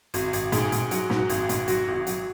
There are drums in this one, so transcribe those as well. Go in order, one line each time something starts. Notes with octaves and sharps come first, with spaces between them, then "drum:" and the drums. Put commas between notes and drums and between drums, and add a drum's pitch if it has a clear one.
G#1 F#4, drum: hi-hat
G#1, drum: hi-hat
G#2 G#4, drum: hi-hat
G#2, drum: hi-hat
F#3 F#4, drum: hi-hat
G#2, drum: snare
F#4
G#1, drum: hi-hat
G#2, drum: hi-hat
F#3 F#4, drum: hi-hat
G#1
F#4
F#3, drum: hi-hat